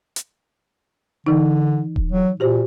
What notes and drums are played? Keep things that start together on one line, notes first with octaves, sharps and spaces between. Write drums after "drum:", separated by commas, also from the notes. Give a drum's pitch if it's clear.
drum: hi-hat
D3 E3 D#4
drum: kick D#1
F#3
A#2 F#4 G4 C5